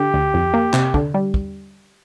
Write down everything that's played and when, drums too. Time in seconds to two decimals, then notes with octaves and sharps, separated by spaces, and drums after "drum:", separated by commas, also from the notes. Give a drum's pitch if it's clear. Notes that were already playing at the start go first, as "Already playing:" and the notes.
Already playing: D3 G4
0.14 D2
0.34 F2
0.54 A#3
0.73 C3, drum: clap
0.94 D3, drum: kick
1.14 G3
1.34 drum: kick